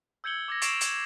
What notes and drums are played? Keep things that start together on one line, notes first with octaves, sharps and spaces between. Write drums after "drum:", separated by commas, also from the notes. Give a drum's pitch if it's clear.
E6 G6 G#6 C#7 F#7 G7
D6 G#6 A#6
C#6 A6 C7 D7 E7 F7, drum: hi-hat
drum: hi-hat